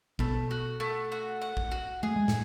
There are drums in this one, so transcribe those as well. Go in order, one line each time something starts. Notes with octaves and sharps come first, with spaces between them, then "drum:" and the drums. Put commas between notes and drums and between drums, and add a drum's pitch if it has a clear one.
B2 A3 B3, drum: kick A1
F#4
A3
F#4
F#5
drum: kick A1
F#4
A3 G#4
G#3
A2, drum: snare